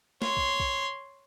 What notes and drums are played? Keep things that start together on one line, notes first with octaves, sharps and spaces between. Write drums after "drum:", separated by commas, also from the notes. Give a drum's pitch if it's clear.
C#5 C6, drum: snare
drum: kick
drum: kick